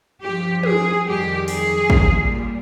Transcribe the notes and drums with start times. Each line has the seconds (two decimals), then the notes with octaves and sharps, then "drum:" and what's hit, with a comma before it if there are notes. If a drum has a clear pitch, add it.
0.21 G2 F3 G4
0.63 G#4, drum: tom
1.05 F2 D#3 G3 G4
1.48 G#4, drum: open hi-hat
1.90 A#2 G3, drum: kick